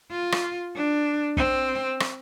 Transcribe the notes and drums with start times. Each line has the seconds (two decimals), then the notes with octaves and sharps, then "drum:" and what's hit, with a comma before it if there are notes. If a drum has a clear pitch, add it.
0.11 F4
0.32 drum: rim click
0.75 D4
1.37 C4, drum: kick
2.00 drum: rim click